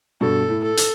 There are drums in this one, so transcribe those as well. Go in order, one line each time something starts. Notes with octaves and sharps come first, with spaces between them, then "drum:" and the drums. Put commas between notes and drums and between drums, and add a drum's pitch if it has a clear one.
G2 B2 A4
A2
A4
drum: hi-hat